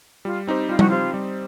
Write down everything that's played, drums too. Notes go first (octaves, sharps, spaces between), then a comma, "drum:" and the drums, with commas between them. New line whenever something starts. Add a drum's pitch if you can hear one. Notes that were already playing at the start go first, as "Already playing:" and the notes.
G3 F4
C4 D#4 G4 C5
G3 F4
F#4, drum: tom G3
C4 D#4 F4 G4 C5
G3